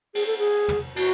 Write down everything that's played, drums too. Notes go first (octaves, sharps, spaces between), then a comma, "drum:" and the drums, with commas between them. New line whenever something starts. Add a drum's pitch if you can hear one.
G#4, drum: cymbal
A4
G#4
drum: tom
F#4, drum: cymbal